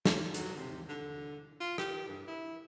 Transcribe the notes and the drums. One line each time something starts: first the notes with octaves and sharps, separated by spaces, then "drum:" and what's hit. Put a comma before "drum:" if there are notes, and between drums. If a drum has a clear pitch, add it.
F2, drum: snare
F#3, drum: hi-hat
C3
D3
F4
G4, drum: rim click
G2
E4